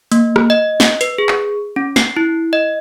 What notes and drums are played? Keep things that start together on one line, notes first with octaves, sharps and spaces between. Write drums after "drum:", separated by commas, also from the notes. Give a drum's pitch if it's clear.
A#3, drum: hi-hat
drum: rim click
D#5
drum: snare
B4, drum: hi-hat
G#4
drum: clap
C#4
C7, drum: snare
E4
D#5